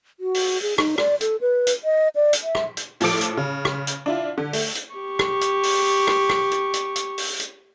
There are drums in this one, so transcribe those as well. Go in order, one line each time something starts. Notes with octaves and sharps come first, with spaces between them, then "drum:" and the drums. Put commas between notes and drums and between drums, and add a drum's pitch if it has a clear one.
F#4
drum: open hi-hat
G#4
D#4, drum: rim click
D5, drum: rim click
A4, drum: hi-hat
B4
drum: hi-hat
D#5
D5
drum: hi-hat
E5
drum: rim click
drum: hi-hat
A2 F3 A4 D6 D7, drum: open hi-hat
drum: hi-hat
C#3
drum: rim click
drum: hi-hat
D4 E4 F4
D3
A3, drum: open hi-hat
drum: hi-hat
G4 C#6
drum: rim click
drum: hi-hat
drum: open hi-hat
drum: rim click
drum: rim click
drum: hi-hat
drum: hi-hat
drum: hi-hat
drum: open hi-hat
drum: hi-hat